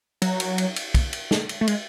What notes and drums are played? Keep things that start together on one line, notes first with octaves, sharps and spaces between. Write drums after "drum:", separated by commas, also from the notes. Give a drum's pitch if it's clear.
F#3, drum: cymbal
drum: cymbal
drum: cymbal
drum: cymbal
drum: kick, cymbal
drum: cymbal
drum: snare
drum: cymbal
A3
G#3, drum: cymbal